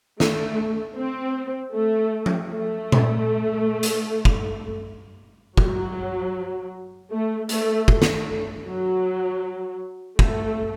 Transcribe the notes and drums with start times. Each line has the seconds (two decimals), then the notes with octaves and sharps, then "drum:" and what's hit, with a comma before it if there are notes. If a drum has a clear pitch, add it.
0.20 A3, drum: snare
0.97 C4
1.73 A3
2.26 drum: tom F3
2.50 A3
2.92 drum: tom A#2
3.83 drum: hi-hat
4.25 drum: kick
5.57 F#3, drum: kick
7.12 A3
7.49 A3, drum: hi-hat
7.88 A3, drum: kick
8.02 drum: snare
8.65 F#3
10.19 A3, drum: kick